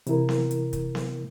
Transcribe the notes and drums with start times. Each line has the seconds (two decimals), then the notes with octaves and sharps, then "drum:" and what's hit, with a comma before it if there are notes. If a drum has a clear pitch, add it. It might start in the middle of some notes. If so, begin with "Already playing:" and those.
0.07 C3 E3 E4 A#4, drum: hi-hat
0.29 drum: snare B3
0.51 drum: hi-hat
0.73 drum: kick, hi-hat
0.95 drum: snare B3